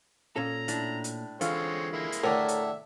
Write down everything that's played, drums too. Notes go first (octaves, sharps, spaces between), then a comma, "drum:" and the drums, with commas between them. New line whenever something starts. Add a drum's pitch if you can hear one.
A#2 C#4 A4 A#5
A2 D4, drum: hi-hat
drum: hi-hat
D3 E3 G#3 C4 F4 C#5, drum: hi-hat
G#3 A#3 E4
drum: hi-hat
A2 D3 A3 G#4 A#4 C#5 E5
drum: hi-hat